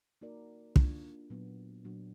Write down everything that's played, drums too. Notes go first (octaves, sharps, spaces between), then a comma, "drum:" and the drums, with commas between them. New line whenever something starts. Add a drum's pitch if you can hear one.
A#3 D#4 F#4 A#4 D5
A#3 D4 F4, drum: kick
A#2 F#3 B3
A#2 F#3 D4 F#4